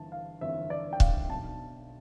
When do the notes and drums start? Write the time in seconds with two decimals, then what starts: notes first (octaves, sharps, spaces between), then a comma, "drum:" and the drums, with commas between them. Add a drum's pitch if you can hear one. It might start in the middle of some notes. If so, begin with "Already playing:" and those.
Already playing: G1 E3 A5
0.12 F5
0.41 G1 F2 E3 E5
0.70 D5
0.93 G5
1.00 F5, drum: kick C#1
1.29 B1 B2 A5